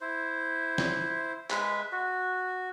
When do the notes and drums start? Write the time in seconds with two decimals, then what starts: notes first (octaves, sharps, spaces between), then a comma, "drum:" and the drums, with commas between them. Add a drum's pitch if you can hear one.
0.01 E4 C5
0.78 drum: snare
1.51 G#3 B4 E5, drum: clap
1.92 F#4